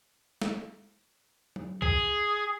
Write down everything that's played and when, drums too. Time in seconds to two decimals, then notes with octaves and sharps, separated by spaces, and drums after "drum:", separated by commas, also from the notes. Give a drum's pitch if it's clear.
0.42 drum: snare
1.56 drum: tom F#3
1.82 G#4, drum: kick C2